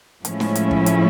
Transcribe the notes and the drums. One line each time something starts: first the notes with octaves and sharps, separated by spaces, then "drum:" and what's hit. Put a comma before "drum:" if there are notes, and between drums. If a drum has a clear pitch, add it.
A2 F3 G#3 C#4 E4, drum: hi-hat
drum: snare
drum: hi-hat
drum: kick
drum: hi-hat